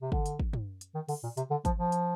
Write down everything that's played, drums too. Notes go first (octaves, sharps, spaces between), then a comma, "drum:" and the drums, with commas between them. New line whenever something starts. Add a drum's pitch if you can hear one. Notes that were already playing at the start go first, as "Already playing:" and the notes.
C3
D3, drum: kick
drum: hi-hat
drum: kick
drum: tom
drum: hi-hat
D#3
D3, drum: open hi-hat
A#2
C3, drum: hi-hat
D3
F3, drum: kick, hi-hat
F3
drum: hi-hat